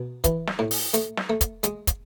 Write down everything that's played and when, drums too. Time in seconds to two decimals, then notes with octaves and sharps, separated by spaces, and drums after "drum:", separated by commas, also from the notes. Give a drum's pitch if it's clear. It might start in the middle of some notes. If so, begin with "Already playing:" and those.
Already playing: B2
0.24 E3, drum: kick, hi-hat
0.47 drum: snare
0.59 A2
0.71 drum: open hi-hat
0.94 A3, drum: hi-hat
1.17 drum: snare
1.30 A3
1.41 drum: kick, hi-hat
1.63 G#3, drum: hi-hat
1.87 drum: kick, hi-hat